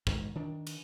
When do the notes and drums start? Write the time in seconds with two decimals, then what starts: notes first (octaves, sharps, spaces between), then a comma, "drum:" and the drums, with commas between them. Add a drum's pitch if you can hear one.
0.07 E1 G#2 D#3, drum: kick
0.35 D#3 D4
0.67 drum: cymbal